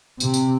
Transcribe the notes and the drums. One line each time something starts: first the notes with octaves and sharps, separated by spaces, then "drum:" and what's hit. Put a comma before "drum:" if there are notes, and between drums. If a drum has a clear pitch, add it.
C3, drum: tambourine
drum: tambourine